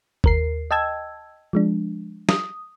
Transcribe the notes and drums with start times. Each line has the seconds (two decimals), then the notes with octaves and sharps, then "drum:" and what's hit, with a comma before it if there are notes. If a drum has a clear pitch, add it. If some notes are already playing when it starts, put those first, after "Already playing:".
0.24 D#2 A#4 C7, drum: kick
0.71 D#5 G5 A5 E6 G#6
1.53 F3 G#3 D4
2.29 D#6, drum: snare